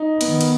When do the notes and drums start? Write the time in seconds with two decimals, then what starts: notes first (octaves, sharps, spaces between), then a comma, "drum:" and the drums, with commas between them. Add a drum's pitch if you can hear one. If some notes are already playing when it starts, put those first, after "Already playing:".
Already playing: D#4
0.21 D#3 B3, drum: cymbal
0.41 drum: cymbal